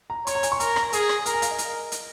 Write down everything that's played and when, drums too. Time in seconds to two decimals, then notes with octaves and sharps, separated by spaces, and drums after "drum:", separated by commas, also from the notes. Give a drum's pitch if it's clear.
0.10 A#5
0.27 C#5 C#6, drum: hi-hat
0.35 A#5
0.43 G#5, drum: hi-hat
0.52 C#6
0.60 A#4 A#5, drum: hi-hat
0.76 A#5, drum: rim click
0.93 G#4 A#5, drum: hi-hat
1.09 drum: rim click
1.26 A#4 A#5, drum: hi-hat
1.33 G#5
1.42 F5, drum: hi-hat
1.51 D#5
1.58 A#4, drum: hi-hat
1.92 drum: hi-hat